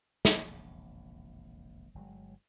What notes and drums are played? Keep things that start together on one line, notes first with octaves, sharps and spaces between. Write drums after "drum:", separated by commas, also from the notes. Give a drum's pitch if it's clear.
E1 A#1 F2 C#3, drum: snare
G1 F#3 G#3